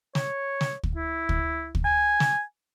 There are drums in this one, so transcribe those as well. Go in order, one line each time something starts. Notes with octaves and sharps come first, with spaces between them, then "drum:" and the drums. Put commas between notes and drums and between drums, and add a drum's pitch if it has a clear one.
C#5, drum: snare
drum: snare
drum: kick
E4
drum: kick
drum: kick
G#5
drum: snare